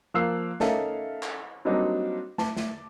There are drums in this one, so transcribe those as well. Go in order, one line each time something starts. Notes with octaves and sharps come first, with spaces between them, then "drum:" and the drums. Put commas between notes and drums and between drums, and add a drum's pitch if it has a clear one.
F3 A#3 F5 E6 F#6 C7
C#4 D#4 A4 A#4 E5 F5, drum: snare
drum: clap
F#3 G3 A#3 C4 D4 D#4
A5 D6, drum: snare
drum: snare